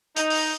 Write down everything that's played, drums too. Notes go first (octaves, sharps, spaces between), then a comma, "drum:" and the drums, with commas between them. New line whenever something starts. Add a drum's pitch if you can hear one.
D#4, drum: hi-hat
drum: open hi-hat